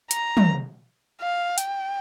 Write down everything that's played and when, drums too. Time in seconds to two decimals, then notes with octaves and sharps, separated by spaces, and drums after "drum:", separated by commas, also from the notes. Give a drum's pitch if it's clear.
0.11 A#5, drum: hi-hat
0.37 drum: tom
1.21 F5
1.58 G5, drum: hi-hat